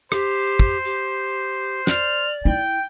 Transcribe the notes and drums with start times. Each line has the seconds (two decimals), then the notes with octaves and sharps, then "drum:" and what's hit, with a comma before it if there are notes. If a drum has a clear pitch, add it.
0.12 G4 C5, drum: rim click
0.60 drum: kick
0.85 G4
1.87 D5 F6, drum: snare
2.45 E4 G5